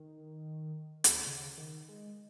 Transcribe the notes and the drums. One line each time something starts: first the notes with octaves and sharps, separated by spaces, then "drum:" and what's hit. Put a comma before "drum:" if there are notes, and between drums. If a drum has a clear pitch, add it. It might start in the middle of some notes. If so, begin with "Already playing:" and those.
Already playing: D#3
drum: hi-hat
C#3
D#3
G#3